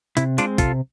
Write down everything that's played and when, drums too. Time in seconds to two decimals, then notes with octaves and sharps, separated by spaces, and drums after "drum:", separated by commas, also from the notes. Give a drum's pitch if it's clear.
0.17 C3 E4, drum: hi-hat
0.38 G#3 C4 D4 F4, drum: hi-hat
0.58 C3 F4 A4, drum: kick, hi-hat